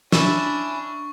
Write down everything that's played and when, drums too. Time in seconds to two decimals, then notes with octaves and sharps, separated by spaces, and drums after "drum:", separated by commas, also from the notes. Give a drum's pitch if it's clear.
0.12 C#4 D4 E4 E5 C#6, drum: snare